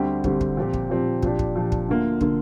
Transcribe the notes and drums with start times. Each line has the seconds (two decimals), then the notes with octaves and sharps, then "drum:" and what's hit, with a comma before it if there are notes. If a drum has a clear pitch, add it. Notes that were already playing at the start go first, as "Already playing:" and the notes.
Already playing: D2 D3 G3 C4 G4
0.24 D2 D3 G3 C4 G4, drum: kick
0.41 drum: kick
0.57 A#2 F3 C4 G4
0.74 drum: kick
0.89 A#2 F3 C4 G4
1.23 A#2 F3 D4 G4, drum: kick
1.39 drum: kick
1.55 A#2 F3 D4 G4
1.72 drum: kick
1.88 D2 D3 A#3 F4
2.21 D3 A#3 F4, drum: kick